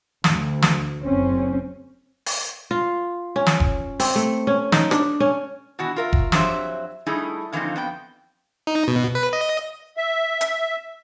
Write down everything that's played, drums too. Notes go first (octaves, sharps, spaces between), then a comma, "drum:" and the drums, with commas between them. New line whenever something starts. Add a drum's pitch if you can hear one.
D2, drum: snare
drum: snare
F#1 C4 C#4
drum: open hi-hat
F4
C#4
drum: snare
drum: kick F1
C4, drum: open hi-hat
A3
C#4
D#4, drum: snare
D4, drum: rim click
C#4
B2 E3 F#4
F4 A#4 E5
drum: kick F1
F2 F#3 D4 G4 C5 E5, drum: snare
G3 A3 D#4 E4 G#4
D3 E3 F3 A#3 C4 D#4
F2 B3 G5
D#4
B2
B4
D#5
E5
drum: hi-hat